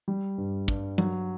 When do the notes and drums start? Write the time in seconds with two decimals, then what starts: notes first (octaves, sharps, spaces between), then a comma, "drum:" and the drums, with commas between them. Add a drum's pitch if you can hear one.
0.08 G3
0.38 G2
0.68 G2, drum: kick
0.98 F#3, drum: tom G3